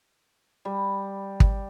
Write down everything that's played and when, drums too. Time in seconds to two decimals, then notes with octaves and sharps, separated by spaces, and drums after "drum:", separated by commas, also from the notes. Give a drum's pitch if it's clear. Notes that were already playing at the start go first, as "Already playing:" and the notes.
0.65 G3
1.40 drum: kick